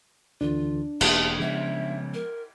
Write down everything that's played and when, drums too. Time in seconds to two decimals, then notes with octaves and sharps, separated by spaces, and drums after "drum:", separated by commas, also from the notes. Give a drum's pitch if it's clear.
0.41 D2 D3 E3 D4 F4
1.01 E1 A#3 G#4 A5 D#6, drum: cymbal
1.40 C#3 F3 G#3 B3 E5
2.14 A#4